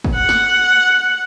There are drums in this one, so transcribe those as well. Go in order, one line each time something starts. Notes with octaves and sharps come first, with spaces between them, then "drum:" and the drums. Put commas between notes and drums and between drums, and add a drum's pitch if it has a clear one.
drum: kick
F#5
drum: snare